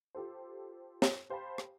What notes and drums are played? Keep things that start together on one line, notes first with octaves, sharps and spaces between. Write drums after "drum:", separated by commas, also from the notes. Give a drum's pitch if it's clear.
F4 G4 A4 C5
drum: snare
G4 C5 F5 G5 A5 B5
drum: rim click